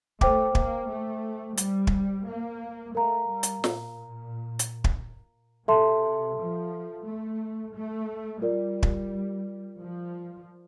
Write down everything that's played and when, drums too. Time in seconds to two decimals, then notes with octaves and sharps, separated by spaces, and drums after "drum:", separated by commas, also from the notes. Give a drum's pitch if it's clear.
0.21 A3 C5 G5 D6, drum: kick
0.55 A#3, drum: kick
0.89 A3
1.57 G3, drum: hi-hat
1.87 drum: kick
2.26 A#3
2.95 A3 A#4 F5 A#5
3.29 G3
3.43 drum: hi-hat
3.64 A#2, drum: snare
4.59 drum: hi-hat
4.84 drum: kick
5.68 C3 A4 E5 A5 C6
6.37 F3
7.05 A3
7.74 A3
8.41 G3 F4 A#4 D5
8.83 drum: kick
9.79 F3